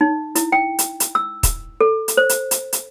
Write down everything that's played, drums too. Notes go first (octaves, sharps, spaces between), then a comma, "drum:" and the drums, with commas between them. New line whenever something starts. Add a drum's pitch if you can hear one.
D#4
E4, drum: hi-hat
G5
drum: hi-hat
drum: hi-hat
E6
drum: kick, hi-hat
A4
drum: hi-hat
C5
drum: hi-hat
drum: hi-hat
drum: hi-hat